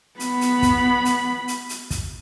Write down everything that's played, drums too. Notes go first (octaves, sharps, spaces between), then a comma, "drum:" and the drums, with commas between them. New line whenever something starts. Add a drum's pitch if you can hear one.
B3 B5, drum: hi-hat
drum: hi-hat
drum: kick, hi-hat
drum: hi-hat
drum: hi-hat
drum: hi-hat
drum: kick, hi-hat